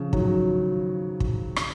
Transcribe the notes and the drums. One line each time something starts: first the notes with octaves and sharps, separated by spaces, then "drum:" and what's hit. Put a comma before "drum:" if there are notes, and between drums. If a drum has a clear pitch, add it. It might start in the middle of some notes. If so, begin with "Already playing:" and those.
Already playing: C#3 F3
D#3 F#3, drum: kick
drum: kick
drum: rim click